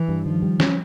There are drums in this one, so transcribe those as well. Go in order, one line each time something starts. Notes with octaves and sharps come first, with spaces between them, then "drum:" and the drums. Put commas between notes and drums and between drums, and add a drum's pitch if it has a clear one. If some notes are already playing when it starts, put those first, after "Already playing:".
Already playing: E3
G2
D#3 F3
G3
C#4, drum: snare